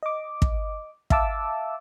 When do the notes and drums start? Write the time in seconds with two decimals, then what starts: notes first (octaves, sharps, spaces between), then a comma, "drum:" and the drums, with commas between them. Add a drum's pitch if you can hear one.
0.03 D#5 D6
0.42 drum: kick
1.10 E5 F5 A5 D6 E6, drum: kick